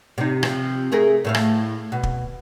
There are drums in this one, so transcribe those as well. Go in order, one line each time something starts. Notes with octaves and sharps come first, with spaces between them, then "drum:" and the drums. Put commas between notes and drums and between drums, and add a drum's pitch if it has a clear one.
C3 D#4
C3 F3, drum: rim click
A3 G#4 A#4
A2 A3 F5
drum: rim click
B2
drum: kick